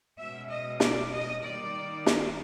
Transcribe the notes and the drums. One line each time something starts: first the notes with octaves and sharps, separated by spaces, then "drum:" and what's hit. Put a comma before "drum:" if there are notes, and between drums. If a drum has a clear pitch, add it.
B2 G#3 C#4 E5
D#5
D5, drum: snare
D#5
D#3 G3 A#3 D#4 D5
drum: snare